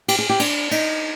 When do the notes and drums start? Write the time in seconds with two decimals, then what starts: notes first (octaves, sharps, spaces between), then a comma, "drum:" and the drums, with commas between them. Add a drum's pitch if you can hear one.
0.08 G4, drum: cymbal
0.19 G#4
0.29 G4
0.40 D4, drum: cymbal
0.71 D#4, drum: cymbal